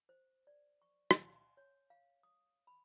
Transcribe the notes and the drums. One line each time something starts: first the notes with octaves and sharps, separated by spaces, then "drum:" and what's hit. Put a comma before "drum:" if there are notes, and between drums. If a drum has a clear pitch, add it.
C5
D5
C#6
G#5, drum: rim click
C#5
F5
D#6
B5